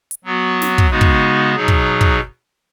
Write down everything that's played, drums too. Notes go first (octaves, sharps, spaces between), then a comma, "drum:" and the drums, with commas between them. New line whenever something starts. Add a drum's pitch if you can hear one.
drum: hi-hat
F#3 B3 F#4
drum: snare
drum: kick
C#3 G#3 B3 D#4 F#4
drum: kick
B2 F#3 D#4 G#4
drum: kick
drum: kick